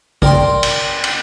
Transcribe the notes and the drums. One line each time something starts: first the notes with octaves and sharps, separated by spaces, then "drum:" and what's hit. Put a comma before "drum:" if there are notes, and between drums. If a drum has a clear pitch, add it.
A#4 D5 G5 C6, drum: kick A1
drum: cymbal
drum: cymbal